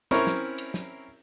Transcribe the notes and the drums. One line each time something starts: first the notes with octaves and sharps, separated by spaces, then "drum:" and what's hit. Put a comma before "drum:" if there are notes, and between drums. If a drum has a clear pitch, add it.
C4 C#4 E4 A#4 C#5
drum: snare
drum: cymbal
drum: snare